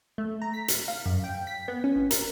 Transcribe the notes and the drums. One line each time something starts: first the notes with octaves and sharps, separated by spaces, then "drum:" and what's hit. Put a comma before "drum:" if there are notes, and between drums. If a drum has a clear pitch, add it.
A3
A#5
B6
drum: hi-hat
F5
F#2
G5
B6
B3
C#4
G1
A#4, drum: hi-hat